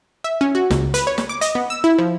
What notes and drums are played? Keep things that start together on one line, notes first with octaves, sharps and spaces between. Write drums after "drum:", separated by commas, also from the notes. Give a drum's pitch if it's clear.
E5
C#4
F#4
C#2, drum: snare
B4, drum: hi-hat
C#5
drum: snare
D6
D#5, drum: hi-hat
B3
E6
E4
F3